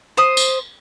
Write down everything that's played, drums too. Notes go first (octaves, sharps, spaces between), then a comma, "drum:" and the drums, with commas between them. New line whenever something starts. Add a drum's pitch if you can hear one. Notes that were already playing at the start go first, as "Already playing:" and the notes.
C5 D#6
drum: tambourine